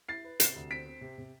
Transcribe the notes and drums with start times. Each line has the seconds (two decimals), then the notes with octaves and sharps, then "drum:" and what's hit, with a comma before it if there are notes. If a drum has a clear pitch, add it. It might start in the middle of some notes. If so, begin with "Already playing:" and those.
0.09 E4 A6 C7
0.25 B4
0.40 C3 C7 E7, drum: hi-hat
0.56 D2
0.71 C4 B6 D7
0.86 C4
1.01 C3
1.18 C3